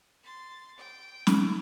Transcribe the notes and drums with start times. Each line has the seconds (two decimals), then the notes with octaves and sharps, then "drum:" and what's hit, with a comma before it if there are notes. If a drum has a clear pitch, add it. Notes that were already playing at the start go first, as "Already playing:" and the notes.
0.23 C6 A6
0.78 G5
1.27 drum: snare